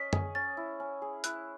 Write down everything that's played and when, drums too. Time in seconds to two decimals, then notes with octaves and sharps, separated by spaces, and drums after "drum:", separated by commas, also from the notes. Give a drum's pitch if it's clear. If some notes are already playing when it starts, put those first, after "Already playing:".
Already playing: C#4 C#5 D#5 B6
0.13 G#4, drum: tom
0.35 C#4 A6
0.57 E4
0.80 C#4
1.02 G#4
1.24 E4 F#6, drum: hi-hat